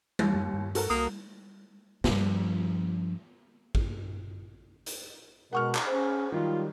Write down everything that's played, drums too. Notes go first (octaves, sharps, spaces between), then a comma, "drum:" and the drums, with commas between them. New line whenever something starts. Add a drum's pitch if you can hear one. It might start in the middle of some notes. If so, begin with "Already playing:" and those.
D#2 E3, drum: tom G3
F#2
G2
G2 F#4 A4 A#4, drum: hi-hat
C2 A#3 D#6
G2 F3, drum: snare
drum: kick A1
drum: hi-hat
B2 G#3 A#4 F#5 C#6 F6
drum: clap
C#4 G#4 C5
D#3 F#3 G3 F4